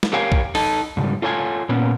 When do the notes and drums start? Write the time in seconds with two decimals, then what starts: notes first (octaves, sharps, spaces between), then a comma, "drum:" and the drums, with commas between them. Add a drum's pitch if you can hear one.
0.03 drum: snare
0.13 G4 A#4 C#5 F5 G5 G#5
0.32 drum: kick
0.55 D#4 A4, drum: open hi-hat
0.97 G#2 C#3 E3 G3
1.22 F4 A4 C#5 F5 G#5
1.69 A#2 A#3 B3 C#4